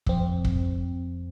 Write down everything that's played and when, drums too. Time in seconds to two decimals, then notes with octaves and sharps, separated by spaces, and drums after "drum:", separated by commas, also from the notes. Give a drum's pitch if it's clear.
0.07 F2 C4, drum: kick
0.45 drum: kick